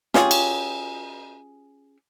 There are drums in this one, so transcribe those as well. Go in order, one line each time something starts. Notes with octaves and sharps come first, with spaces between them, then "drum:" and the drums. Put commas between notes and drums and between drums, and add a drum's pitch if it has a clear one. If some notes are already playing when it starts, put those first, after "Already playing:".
C#4 F4 G4 G#4, drum: snare
drum: cymbal